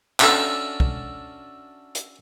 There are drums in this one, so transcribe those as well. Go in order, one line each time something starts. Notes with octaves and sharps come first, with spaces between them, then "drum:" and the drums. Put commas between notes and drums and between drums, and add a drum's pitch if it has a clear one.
C#4 D4 F#4 A4 E5 F5, drum: clap
drum: kick
drum: hi-hat